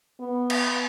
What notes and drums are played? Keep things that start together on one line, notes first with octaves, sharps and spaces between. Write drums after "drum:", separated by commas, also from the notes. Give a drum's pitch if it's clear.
B3
drum: cymbal